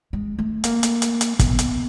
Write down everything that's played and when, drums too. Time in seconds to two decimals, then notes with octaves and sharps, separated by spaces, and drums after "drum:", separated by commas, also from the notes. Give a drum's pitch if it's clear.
0.13 G#3
0.39 A3
0.64 A#3, drum: hi-hat
0.83 drum: hi-hat
1.02 drum: hi-hat
1.21 drum: hi-hat
1.39 B3, drum: kick, hi-hat
1.59 drum: hi-hat